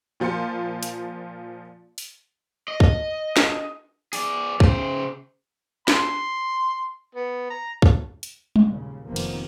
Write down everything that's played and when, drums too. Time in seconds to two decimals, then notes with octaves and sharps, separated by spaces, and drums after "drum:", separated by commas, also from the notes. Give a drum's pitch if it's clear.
0.20 A#2 F3 F4 C6 C#7
0.83 drum: hi-hat
1.98 drum: open hi-hat
2.68 D#5
2.80 drum: kick
3.37 drum: snare
4.13 G#4 D5, drum: open hi-hat
4.60 C#3 C5, drum: kick
5.88 C6, drum: snare
7.15 B3
7.50 A#5
7.82 drum: kick
8.23 drum: hi-hat
8.56 drum: tom G3
8.67 D#2 A#2 C#3
9.06 F1 C3 D#3 F3 A#3 B3
9.16 drum: cymbal